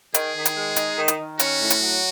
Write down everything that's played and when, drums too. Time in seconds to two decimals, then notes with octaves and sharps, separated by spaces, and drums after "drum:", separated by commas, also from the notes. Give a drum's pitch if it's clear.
0.14 D#3 G#4, drum: hi-hat
0.36 D#3
0.45 drum: hi-hat
0.56 G#3
0.76 D#4, drum: hi-hat
0.97 D#3
1.08 drum: hi-hat
1.19 D#3
1.39 C#4 F#4, drum: hi-hat
1.60 A2
1.70 drum: hi-hat
1.81 F#3